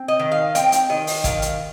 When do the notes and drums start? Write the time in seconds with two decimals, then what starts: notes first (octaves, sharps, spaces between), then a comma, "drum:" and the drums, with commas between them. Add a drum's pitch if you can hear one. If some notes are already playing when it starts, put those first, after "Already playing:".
Already playing: C4
0.08 D#5
0.19 D#3
0.31 F5
0.55 C4 G5, drum: hi-hat
0.72 drum: hi-hat
0.89 D#3 D#5
1.07 drum: open hi-hat
1.24 D#3 F5, drum: kick G#1, hi-hat
1.42 drum: hi-hat